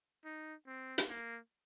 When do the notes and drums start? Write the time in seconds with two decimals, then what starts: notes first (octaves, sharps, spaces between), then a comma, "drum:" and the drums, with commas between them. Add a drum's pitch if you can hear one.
0.25 D#4
0.67 C4
0.98 drum: hi-hat
1.09 A#3